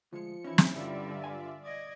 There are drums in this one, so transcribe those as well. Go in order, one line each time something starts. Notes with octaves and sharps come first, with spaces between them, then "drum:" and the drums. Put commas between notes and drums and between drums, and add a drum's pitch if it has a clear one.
D2 F3 G#3 C#7
E3 C#4 D#4 E4
drum: snare
G2 D3 G3 F4 D5 E5
F5 G#5
D5 D#5 G#6